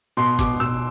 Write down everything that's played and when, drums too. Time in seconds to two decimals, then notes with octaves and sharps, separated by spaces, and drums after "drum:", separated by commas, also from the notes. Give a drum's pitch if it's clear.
0.17 B2 C6
0.39 B2 D6, drum: kick, hi-hat
0.60 B2 E6